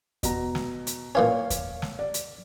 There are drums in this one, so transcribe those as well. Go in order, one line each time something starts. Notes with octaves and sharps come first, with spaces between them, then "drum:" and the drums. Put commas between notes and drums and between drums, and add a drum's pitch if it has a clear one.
B2 A#5, drum: kick E2, hi-hat
drum: snare
drum: hi-hat
A#2 E3 C#4 C#5 F5 D6
drum: kick E2, hi-hat
drum: snare
D5
drum: hi-hat